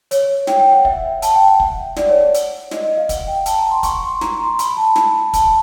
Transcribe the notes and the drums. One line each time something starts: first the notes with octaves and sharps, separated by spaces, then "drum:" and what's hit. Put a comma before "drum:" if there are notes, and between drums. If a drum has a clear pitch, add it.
C#5, drum: hi-hat
G5, drum: snare
G5
F#5
E5, drum: kick
A5, drum: hi-hat
G5
F#5
drum: kick
D5, drum: snare
C#5
drum: hi-hat
D#5, drum: snare
D#5
F5
F#5, drum: kick, hi-hat
G5
A5, drum: hi-hat
A#5
C6
C#6, drum: kick, hi-hat
C6
A#5, drum: snare
C6
B5, drum: hi-hat
A5
drum: snare
A5, drum: kick, hi-hat